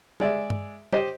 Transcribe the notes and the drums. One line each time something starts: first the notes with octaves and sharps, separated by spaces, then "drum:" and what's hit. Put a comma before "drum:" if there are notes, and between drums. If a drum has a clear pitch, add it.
G#3 D5 E5, drum: tom
drum: tom G2
G4 C5 D#5, drum: tom